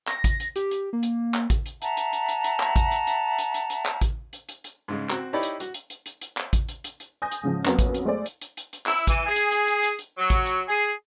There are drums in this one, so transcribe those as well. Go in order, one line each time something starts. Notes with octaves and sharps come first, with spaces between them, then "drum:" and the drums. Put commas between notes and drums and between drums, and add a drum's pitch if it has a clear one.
A#6, drum: clap
drum: kick A1, hi-hat
drum: hi-hat
G4, drum: hi-hat
drum: hi-hat
A#3
drum: hi-hat
drum: clap
drum: kick A1, hi-hat
drum: hi-hat
E5 F#5 A5 A#5, drum: hi-hat
drum: hi-hat
drum: hi-hat
drum: hi-hat
drum: hi-hat
drum: clap
drum: kick A1, hi-hat
drum: hi-hat
drum: hi-hat
drum: hi-hat
drum: hi-hat
drum: hi-hat
drum: clap
drum: kick A1, hi-hat
drum: hi-hat
drum: hi-hat
drum: hi-hat
G#2 C#3 G#3
C4 F#4, drum: clap
D#4 E4 G4 C#5 D5 B5
drum: hi-hat
F#4, drum: hi-hat
drum: hi-hat
drum: hi-hat
drum: hi-hat
drum: hi-hat
drum: clap
drum: kick A1, hi-hat
drum: hi-hat
drum: hi-hat
drum: hi-hat
G#5 D#6 G6 A#6
drum: hi-hat
G#2 C#3 F3
F2 F#3 A#3 B3 C#4 B4, drum: clap
drum: kick A1, hi-hat
drum: hi-hat
G#3 A3 C5 D5
drum: hi-hat
drum: hi-hat
drum: hi-hat
drum: hi-hat
E4, drum: clap
E3, drum: kick A1, hi-hat
G#4
drum: hi-hat
drum: hi-hat
drum: hi-hat
drum: hi-hat
drum: hi-hat
F#3
drum: kick A1, hi-hat
drum: hi-hat
G#4